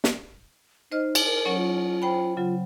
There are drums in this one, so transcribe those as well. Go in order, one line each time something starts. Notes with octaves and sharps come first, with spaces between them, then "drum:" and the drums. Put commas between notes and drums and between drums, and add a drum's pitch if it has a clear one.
drum: snare
D#4 C5 D#5 F6
drum: cymbal
A#4
F#3 C#4 C#5
F4
C5 G5 B5
C#3 F#3 F4